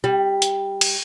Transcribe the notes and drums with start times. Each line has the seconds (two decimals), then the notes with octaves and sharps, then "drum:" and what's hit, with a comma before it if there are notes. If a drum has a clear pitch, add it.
0.04 G3
0.42 drum: hi-hat
0.81 drum: cymbal